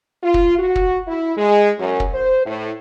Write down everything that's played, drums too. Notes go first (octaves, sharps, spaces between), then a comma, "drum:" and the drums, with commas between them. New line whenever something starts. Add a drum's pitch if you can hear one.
F4
drum: kick
F#4
drum: kick
E4
G#3
F#2
drum: kick
C5
A2